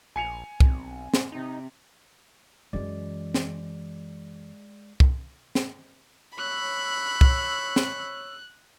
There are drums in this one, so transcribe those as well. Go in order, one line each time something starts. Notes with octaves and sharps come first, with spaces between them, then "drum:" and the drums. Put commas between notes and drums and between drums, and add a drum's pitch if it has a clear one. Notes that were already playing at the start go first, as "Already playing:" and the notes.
A#1 G#5 C#7 F7
B1 C4, drum: kick C2
drum: snare
C3 D#4
F#2 E3 G#3 D5
drum: snare
drum: kick C2
drum: snare
C#5 B5 C#6 E6 F#6
drum: kick C2
drum: snare